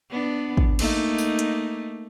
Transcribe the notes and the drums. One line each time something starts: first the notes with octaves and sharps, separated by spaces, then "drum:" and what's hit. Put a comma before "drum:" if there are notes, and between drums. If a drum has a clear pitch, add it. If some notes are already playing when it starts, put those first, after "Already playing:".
B3 D4
drum: kick
A3 A#3 D#4, drum: cymbal
drum: tambourine
drum: hi-hat